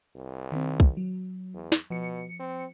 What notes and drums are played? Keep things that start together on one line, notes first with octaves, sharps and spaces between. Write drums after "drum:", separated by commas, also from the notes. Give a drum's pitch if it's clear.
C2
D#3 C4
drum: kick
F#3
E2
drum: snare
B2 F3 C#7
C4